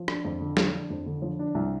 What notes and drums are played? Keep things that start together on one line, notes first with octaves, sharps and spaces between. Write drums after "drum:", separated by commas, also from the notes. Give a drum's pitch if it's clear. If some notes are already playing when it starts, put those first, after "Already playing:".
Already playing: F3
D4, drum: rim click
F2
D3
F3, drum: snare
D4
F2
D3
F3
D4
C2